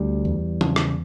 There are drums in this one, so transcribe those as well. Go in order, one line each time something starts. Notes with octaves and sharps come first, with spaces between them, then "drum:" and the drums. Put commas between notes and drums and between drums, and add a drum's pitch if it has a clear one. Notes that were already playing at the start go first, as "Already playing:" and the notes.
Already playing: D2 G3
E2
C#3, drum: tom
drum: rim click